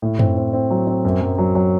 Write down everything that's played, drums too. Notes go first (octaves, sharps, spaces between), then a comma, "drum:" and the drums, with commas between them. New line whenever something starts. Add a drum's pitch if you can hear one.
A2
C4, drum: tom F#2
C4
C4
F#3
C4
F#2
F#2
F#3
F#3